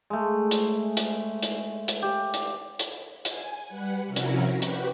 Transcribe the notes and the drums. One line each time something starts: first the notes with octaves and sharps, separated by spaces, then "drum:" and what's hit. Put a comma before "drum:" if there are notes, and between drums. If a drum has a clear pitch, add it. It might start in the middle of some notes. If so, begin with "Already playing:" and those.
G#3 A3
drum: hi-hat
drum: hi-hat
drum: hi-hat
drum: hi-hat
G4
drum: hi-hat
drum: hi-hat
G#5, drum: hi-hat
G3 B4 F#5
C3 F3 C#4 E4 F#4 A#4
drum: hi-hat
F#4 G4 B4
drum: hi-hat